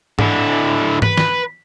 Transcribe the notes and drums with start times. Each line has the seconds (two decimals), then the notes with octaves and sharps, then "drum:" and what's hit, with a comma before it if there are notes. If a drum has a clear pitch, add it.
0.19 D3 E4, drum: tom G#2
1.02 B4, drum: tom G#2
1.18 drum: snare